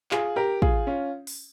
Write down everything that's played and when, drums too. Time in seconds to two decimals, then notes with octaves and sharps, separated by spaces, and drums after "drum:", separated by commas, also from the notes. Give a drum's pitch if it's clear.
0.11 F4 G#4, drum: clap
0.36 G4 A#4
0.62 F4 G#4, drum: kick
0.87 C#4 F4
1.27 drum: open hi-hat